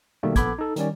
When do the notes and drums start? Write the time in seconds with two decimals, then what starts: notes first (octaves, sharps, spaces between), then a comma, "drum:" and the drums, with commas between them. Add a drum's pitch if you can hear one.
0.23 B2 D#3 G3 A3 A#3
0.36 A#1 B3 A4 B5 D6 G#6, drum: kick, hi-hat
0.59 D#4 A4
0.76 D#3 G3 C#4 D5, drum: hi-hat